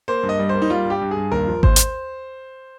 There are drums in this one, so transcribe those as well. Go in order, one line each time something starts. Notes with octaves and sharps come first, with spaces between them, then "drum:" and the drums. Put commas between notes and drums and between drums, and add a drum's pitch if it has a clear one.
A#3 C5
G2
D#5
G3
C5
A#3
D#4
G3 F4
G2 G4
G2
G#4
G2
D#2 A#4
F3
D#2 C5, drum: kick G#1
drum: hi-hat